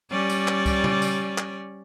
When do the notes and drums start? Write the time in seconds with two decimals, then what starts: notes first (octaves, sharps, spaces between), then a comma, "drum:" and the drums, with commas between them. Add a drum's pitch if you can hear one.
0.11 G3 C#4 D5
0.30 drum: tambourine
0.48 drum: clap
0.66 drum: kick C2, tambourine
0.84 drum: tom
1.02 drum: tambourine
1.38 drum: clap